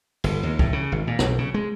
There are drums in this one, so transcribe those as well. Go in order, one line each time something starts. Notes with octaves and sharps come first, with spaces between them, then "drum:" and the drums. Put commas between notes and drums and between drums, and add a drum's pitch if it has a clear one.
G1, drum: cymbal
D#2
A2, drum: kick C#2
C#3
G#1
A#2
B1, drum: rim click
C#3
G#3